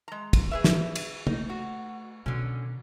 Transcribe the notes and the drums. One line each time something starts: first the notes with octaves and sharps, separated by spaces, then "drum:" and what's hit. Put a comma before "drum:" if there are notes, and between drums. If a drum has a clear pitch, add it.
G#3 A#5
drum: kick, cymbal
G#4 B4 E5
drum: snare
drum: cymbal
A3 D#4, drum: tom
F#4
B2 D3 D#3 C#4